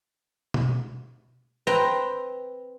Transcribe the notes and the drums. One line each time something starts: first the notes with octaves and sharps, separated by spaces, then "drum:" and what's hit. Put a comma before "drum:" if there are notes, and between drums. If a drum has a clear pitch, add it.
drum: tom B2
C4 B4 G5 A#5